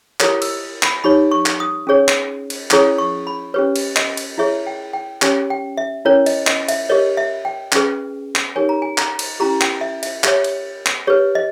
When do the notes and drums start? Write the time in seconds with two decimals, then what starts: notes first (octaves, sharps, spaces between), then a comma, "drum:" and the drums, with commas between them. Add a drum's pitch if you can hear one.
0.20 E4 G4 A#4 C#5 D#6, drum: clap
0.42 E6, drum: cymbal
0.83 B5, drum: clap
1.04 D#4 G4 C#5 B5
1.31 C#6
1.46 drum: clap
1.60 D#6
1.87 C#4 G#4 C#5
2.08 drum: clap
2.50 drum: cymbal
2.70 C#4 E4 G#4 C#5 D#6, drum: clap
2.98 C#6
3.27 B5
3.54 C#4 G4 B4 C#5
3.76 drum: cymbal
3.96 D#5, drum: clap
4.17 drum: cymbal
4.38 E4 G#4 C#5 E5
4.67 G5
4.93 G5
5.22 C#4 G4 C#5 G#5, drum: clap
5.50 G5
5.78 E5
6.05 C#4 E4 A#4 C#5
6.26 D#5, drum: cymbal
6.47 D#5, drum: clap
6.68 E5, drum: cymbal
6.89 G4 A#4 C#5 D#5
7.17 E5
7.45 G5
7.72 C#4 G#4 B4, drum: clap
8.35 drum: clap
8.56 D#4 G4 A#4 C#5 G#5
8.69 A#5
8.82 G#5
8.98 A#5, drum: clap
9.19 drum: cymbal
9.40 C#4 E4 G4 A#5
9.61 G5, drum: clap
9.81 E5
10.03 E5, drum: cymbal
10.24 G4 C#5 E5, drum: clap
10.44 drum: cymbal
10.86 drum: clap
11.07 G4 B4 C#5
11.35 D#5